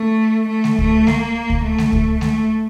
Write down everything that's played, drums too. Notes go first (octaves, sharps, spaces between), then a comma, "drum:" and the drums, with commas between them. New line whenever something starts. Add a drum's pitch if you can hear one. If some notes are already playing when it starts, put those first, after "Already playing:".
Already playing: A3
A3
drum: snare G#3
A3, drum: kick C#2
A#3, drum: snare G#3
drum: kick C#2
A3
drum: snare G#3
drum: kick C#2
A3, drum: snare G#3